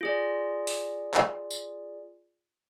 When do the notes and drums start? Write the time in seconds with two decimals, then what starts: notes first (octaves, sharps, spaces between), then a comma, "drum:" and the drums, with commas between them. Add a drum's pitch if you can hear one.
0.01 F4 G#4 D5
0.67 drum: open hi-hat
1.14 drum: clap
1.50 drum: tambourine